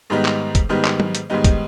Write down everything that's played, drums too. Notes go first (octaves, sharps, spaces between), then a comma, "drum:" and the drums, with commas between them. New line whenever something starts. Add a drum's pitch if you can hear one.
G#2 D#3 G3 B3 D#4
drum: clap
drum: kick F1, hi-hat
G#2 D#3 G3 B3 D#4
drum: clap
drum: tom F#3
drum: hi-hat
G#2 D#3 G3 B3 D#4
drum: kick F1, hi-hat